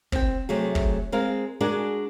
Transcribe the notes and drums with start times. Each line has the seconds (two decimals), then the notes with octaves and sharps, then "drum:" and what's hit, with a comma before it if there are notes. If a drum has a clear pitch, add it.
0.12 C4 G5, drum: kick
0.49 C3 F#3 A3 G#4
0.75 drum: kick
1.12 G#3 C4 A#4 F5
1.60 G#3 D4 F#4 G#4 A#4